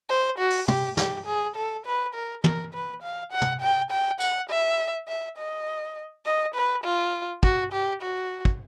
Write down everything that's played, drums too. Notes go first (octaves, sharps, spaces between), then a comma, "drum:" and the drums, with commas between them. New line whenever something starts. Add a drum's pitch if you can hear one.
C5
F#4
drum: open hi-hat
G4, drum: tom
G4, drum: snare
G#4
A4
B4
A#4
A#4, drum: tom
B4
F5
F#5
drum: tom
G5
G5
F#5, drum: tambourine
E5
E5
D#5
D#5
B4
F4
F#4, drum: kick
G4
F#4
drum: kick